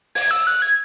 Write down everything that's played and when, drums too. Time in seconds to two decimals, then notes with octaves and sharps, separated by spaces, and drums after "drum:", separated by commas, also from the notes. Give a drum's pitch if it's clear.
0.15 G#6, drum: open hi-hat
0.31 E6
0.47 F#6
0.62 G#6